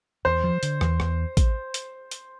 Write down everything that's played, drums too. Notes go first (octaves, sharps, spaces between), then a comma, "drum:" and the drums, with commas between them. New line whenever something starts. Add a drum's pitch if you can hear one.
E2 C5
F3
D3, drum: hi-hat
E2, drum: rim click
E2, drum: rim click
drum: kick A1, hi-hat
drum: hi-hat
drum: hi-hat